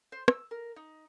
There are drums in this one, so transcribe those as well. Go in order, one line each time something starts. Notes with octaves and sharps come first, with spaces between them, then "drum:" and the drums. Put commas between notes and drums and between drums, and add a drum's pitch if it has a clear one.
C5
E6, drum: rim click
A#4
D#4